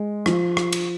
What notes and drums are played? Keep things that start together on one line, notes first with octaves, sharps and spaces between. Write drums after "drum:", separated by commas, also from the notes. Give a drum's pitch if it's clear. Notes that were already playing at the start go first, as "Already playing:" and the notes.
Already playing: G#3
F3, drum: rim click
drum: rim click
drum: cymbal